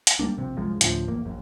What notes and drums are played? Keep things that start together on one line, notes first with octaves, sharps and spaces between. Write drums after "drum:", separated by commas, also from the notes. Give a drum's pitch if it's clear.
drum: hi-hat
G3 A#3 D4
A#1 C3
C2 F#2 F3 G#3
D2 A2 D3 F3, drum: hi-hat
A#1 E2 A#3
A#1 F#2